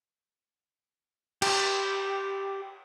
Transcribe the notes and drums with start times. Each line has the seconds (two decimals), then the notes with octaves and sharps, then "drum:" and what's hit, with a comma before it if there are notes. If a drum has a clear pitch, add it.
1.42 G4, drum: cymbal